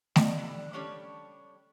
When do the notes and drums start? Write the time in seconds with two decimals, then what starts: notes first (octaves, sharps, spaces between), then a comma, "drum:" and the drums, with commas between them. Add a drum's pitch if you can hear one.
0.16 E4 D5 D#5, drum: snare A3
0.38 D3 G3 E4
0.73 G3 C#4 D4 G4 A4 C#5